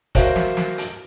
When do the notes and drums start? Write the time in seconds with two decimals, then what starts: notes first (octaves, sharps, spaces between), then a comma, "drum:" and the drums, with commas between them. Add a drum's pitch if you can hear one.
0.15 F#4 A#4 C5 E5 F5, drum: kick, hi-hat
0.36 drum: snare
0.57 drum: snare
0.78 drum: hi-hat